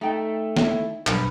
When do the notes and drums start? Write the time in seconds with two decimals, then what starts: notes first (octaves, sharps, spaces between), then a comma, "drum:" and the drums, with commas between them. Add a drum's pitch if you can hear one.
0.01 A3 D#4 G5
0.56 E4, drum: snare
1.07 B1 G2 B4, drum: clap